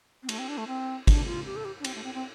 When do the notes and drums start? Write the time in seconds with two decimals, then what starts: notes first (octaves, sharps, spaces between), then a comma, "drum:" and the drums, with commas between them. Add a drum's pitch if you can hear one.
0.23 C4
0.29 A3, drum: cymbal
0.39 C4
0.48 D4
0.57 A3
0.67 C4
1.07 D4, drum: kick, cymbal
1.26 F4
1.46 G4
1.56 A4
1.65 G4
1.80 D4
1.84 C4, drum: cymbal
1.95 A3
2.04 C4
2.14 C4